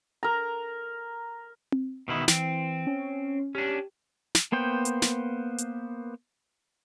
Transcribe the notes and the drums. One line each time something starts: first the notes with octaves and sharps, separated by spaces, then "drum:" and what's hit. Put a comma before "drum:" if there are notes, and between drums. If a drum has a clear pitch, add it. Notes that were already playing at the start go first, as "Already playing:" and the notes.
A#4 A#5
drum: tom C4
B2 D#3 E4
E3 C4, drum: snare
C#4
C#4 D4 G4
drum: snare
A#3 B3 C5 G5
drum: hi-hat
drum: snare
drum: hi-hat